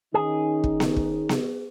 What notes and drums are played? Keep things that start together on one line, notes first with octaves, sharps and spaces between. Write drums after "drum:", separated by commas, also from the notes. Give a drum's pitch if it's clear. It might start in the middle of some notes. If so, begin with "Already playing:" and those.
D#3 C#4 D#4 G#4
drum: kick
drum: snare B3
drum: kick
drum: snare B3